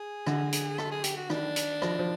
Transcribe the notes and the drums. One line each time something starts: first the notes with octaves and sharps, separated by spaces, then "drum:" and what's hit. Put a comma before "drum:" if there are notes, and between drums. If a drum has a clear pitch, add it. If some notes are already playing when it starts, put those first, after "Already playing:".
Already playing: G#4
D3, drum: rim click
drum: hi-hat
A4, drum: rim click
G#4
G4, drum: hi-hat
F#4
D#3 D4, drum: rim click
drum: hi-hat
F3, drum: rim click
F3